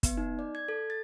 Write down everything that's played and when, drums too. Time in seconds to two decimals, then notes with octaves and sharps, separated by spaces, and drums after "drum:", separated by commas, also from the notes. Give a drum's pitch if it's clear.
0.03 B3, drum: kick, hi-hat
0.17 D#4
0.39 D5
0.55 G#6
0.68 A4
0.90 A6